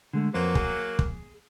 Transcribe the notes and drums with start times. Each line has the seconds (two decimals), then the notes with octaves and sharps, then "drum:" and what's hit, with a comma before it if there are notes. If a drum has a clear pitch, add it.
0.13 D3 G#3 A3
0.34 F2 F#3 A#3 B4 C5
0.55 G#4, drum: kick
0.99 drum: kick